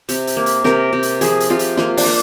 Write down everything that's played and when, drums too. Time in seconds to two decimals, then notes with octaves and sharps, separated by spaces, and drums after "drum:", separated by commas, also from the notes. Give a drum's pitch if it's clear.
0.09 C3, drum: hi-hat
0.27 drum: hi-hat
0.37 A#3
0.46 drum: hi-hat
0.64 C3 A#4, drum: snare
0.93 C3
1.03 drum: hi-hat
1.21 F3 G#4, drum: hi-hat
1.40 drum: hi-hat
1.50 C3 F4
1.59 drum: hi-hat
1.77 A#3 F4, drum: snare
1.97 D4, drum: open hi-hat
2.06 A#3